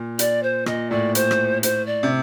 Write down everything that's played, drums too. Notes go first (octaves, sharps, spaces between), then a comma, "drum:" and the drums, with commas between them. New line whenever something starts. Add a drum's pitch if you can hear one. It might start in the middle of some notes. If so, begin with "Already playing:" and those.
Already playing: A#2
D5, drum: hi-hat
C5
A#2 D#5, drum: rim click
A2 D5
C5, drum: hi-hat
drum: rim click
C5, drum: hi-hat
D5
C3